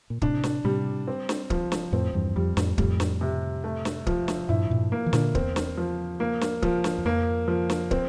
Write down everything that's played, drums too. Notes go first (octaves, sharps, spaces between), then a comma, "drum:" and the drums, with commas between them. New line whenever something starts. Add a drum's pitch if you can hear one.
A#2
A2 C3 D4, drum: kick
drum: snare
A2 C3 G3
C4
drum: snare
F3, drum: kick
drum: snare
F2 A2 C4
E2 G2
F2 G3
F2 A2, drum: snare
F2 A2 G3, drum: kick
drum: snare
C3
A3
drum: snare
F3, drum: kick
drum: snare
G2 A#2 E4
G2 A#2
A#3
E3
A#2 D3, drum: snare
E2 C4, drum: kick
drum: snare
F3
A#3
drum: snare
F3, drum: kick
drum: snare
E2
F2 A#3
F3
drum: snare
C4, drum: kick